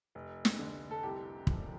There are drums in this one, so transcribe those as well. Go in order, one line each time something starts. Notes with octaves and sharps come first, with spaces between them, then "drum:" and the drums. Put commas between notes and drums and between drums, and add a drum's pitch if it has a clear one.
F1
drum: snare
D3
A4
C2 G4
F3, drum: kick